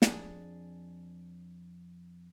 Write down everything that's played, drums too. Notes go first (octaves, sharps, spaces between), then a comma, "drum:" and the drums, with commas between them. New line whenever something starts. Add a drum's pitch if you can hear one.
F2 D4 G#4, drum: snare